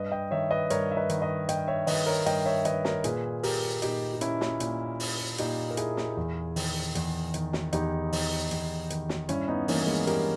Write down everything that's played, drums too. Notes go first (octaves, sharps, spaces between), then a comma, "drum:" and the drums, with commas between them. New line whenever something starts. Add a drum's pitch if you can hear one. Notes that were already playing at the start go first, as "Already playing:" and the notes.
Already playing: G2 B4 D#5
D#5 G5
D#3 C#5 E5
B4 D#5
G2 A#4 C#5, drum: hi-hat
E5
B4 D#5
D#3, drum: hi-hat
B4 D#5
G2 D#5 G5, drum: hi-hat
C#5 E5
D#3 B4 D#5, drum: open hi-hat
A#4 C#5
G2 D#5 G5, drum: hi-hat
C#5 E5
D#3 B4 D#5, drum: hi-hat
A#4 C#5, drum: snare
A#2 G#4 B4, drum: hi-hat
G4 A#4, drum: open hi-hat
A#2 D#4 G4, drum: hi-hat
G4
C#4 E4, drum: hi-hat
drum: snare
A#2, drum: hi-hat
drum: open hi-hat
A#2 D#4 G4, drum: hi-hat
A#4
E4 G#4, drum: hi-hat
drum: snare
E2
D#3, drum: open hi-hat
E2, drum: hi-hat
D#3, drum: hi-hat
drum: snare
E2 D#4 G4, drum: hi-hat
D#3, drum: open hi-hat
E2, drum: hi-hat
D#3, drum: hi-hat
drum: snare
G2 C#4 E4, drum: hi-hat
B3 D#4
E3 A#3 C#4, drum: open hi-hat
A#3
G#3 B3
G2 G4 A#4, drum: hi-hat